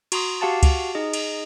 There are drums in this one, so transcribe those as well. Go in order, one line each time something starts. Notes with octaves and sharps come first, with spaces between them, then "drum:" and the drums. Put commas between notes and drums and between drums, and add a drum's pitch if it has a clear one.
F#4 A#5 C6 D#6, drum: cymbal
F#4 G4 F5 F#5 A5 A6
drum: kick C#2, cymbal
D#4 G#4 D#5
drum: cymbal